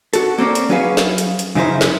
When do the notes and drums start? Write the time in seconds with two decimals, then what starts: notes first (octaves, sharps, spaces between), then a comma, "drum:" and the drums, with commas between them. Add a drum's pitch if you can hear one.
0.14 F#4 A4, drum: hi-hat
0.38 A#3 C4 C#4 D5
0.55 drum: hi-hat
0.69 F#3 C#4 F#4 G#4 B4 F5
0.97 drum: snare
1.18 drum: hi-hat
1.39 drum: hi-hat
1.55 F#2 C#3 D#4 E4 C5
1.81 drum: snare